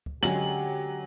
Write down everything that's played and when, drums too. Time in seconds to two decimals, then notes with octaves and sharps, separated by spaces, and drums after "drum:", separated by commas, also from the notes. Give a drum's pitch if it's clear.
0.06 drum: kick C#2
0.23 D3 F#3 G#3 C#4 G4 F#7, drum: snare